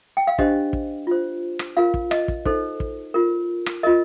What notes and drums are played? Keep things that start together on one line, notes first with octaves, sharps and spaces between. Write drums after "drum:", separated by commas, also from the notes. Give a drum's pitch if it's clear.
G5
F5
D4 G4 C5 D#5, drum: kick
drum: kick
F4 C5
drum: rim click
F4 A#4 F5
drum: kick
D#5, drum: rim click
drum: kick
D#4 A4 C5, drum: kick
drum: kick
F4 A#4
drum: rim click
F4 A#4 D#5